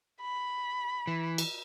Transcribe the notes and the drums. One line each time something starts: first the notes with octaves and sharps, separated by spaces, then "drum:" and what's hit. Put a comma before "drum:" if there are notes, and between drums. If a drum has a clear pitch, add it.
B5
E3
drum: cymbal